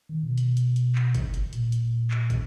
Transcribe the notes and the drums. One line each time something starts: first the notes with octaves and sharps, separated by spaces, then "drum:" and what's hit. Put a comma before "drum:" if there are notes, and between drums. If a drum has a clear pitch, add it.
D#3
B2
drum: hi-hat
drum: hi-hat
drum: hi-hat
drum: clap
drum: kick, hi-hat
drum: hi-hat
A#2, drum: hi-hat
drum: hi-hat
drum: clap
drum: kick, hi-hat